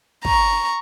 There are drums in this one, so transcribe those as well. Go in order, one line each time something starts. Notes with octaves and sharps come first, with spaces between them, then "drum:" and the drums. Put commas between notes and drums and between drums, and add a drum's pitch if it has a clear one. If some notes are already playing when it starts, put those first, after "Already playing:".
A#5 C#6, drum: kick